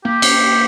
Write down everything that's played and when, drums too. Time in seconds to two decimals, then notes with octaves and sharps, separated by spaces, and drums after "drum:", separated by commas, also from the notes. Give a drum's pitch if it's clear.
0.05 A#3 G4
0.22 drum: cymbal